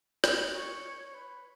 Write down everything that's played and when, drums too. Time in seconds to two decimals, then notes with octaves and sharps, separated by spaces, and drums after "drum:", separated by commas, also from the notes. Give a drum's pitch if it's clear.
0.24 D#5, drum: rim click
0.54 C#5
1.09 C#5
1.14 B4